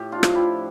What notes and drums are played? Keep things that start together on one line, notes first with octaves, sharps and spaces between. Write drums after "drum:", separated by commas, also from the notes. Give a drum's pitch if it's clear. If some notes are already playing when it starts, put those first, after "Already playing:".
Already playing: A2 G4
D4 F4
F3, drum: rim click
E4 G4